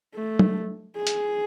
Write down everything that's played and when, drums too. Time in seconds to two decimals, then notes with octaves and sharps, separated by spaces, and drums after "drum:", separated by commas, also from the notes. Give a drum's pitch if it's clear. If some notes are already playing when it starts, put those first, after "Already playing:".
0.16 A3
0.39 drum: tom F#3
0.96 G#4
1.07 drum: hi-hat